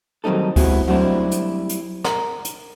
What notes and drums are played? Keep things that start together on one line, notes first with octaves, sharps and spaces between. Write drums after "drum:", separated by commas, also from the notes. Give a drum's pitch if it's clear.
D#3 F#3 G3 C4 D#4 A4
G#3 B3 C4 E4 F#4 G4, drum: kick C#2, open hi-hat
F#3 G3 A3 C4 D4 E4
drum: hi-hat
drum: hi-hat
A#4, drum: snare
drum: hi-hat